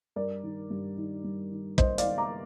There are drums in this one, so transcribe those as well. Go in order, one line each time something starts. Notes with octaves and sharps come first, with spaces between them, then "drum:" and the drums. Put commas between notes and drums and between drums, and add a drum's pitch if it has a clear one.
G2 A#4 D5
D#3
G2
D#3
G2
D#3
G2 C5 D#5, drum: kick
D5 F5, drum: hi-hat
D#3
A#5 D6